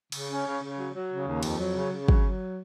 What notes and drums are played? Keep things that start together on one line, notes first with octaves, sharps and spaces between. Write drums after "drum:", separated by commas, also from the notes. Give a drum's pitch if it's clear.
C#3, drum: cymbal
C#4
C#3
C#3
F#3
F#3
C#3
D#2
F2, drum: cymbal
F#3
C#3
C#3
F#3, drum: kick
F#3